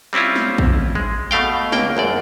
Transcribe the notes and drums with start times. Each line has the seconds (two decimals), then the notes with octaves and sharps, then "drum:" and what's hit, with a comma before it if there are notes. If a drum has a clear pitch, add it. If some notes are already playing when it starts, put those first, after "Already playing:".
0.13 G3 C4 C#4 E4 F4
0.36 drum: snare
0.58 drum: kick
0.95 G#3
1.31 B2 A3 F5 G5
1.72 C#2 A#3 G5, drum: snare
1.97 G#1 F#2 D5